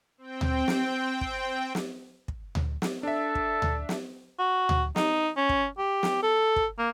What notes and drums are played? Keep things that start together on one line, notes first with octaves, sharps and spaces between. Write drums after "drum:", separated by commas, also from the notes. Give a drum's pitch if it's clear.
C4 G5
drum: tom D2
drum: snare
drum: kick
drum: snare
drum: kick
drum: tom D2
drum: snare
D4 A4 E5
drum: kick
drum: tom D2
drum: snare
F#4
drum: tom D2
D#4, drum: snare
C#4
drum: kick
G4
drum: snare
A4
drum: kick
A#3